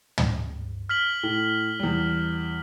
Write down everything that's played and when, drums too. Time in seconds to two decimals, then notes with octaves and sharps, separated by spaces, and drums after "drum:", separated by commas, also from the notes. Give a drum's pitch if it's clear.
0.18 drum: tom
0.89 F6 B6 F#7
1.23 A2
1.79 E2 G3